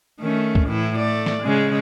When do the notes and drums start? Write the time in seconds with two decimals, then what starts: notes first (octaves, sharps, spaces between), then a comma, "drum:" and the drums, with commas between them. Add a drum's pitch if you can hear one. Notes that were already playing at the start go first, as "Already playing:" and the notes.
0.20 D#3 A3 C#4
0.55 drum: kick C#2
0.67 A2 E3 E4
0.97 A3 D5
1.26 drum: snare
1.43 C#3 G#3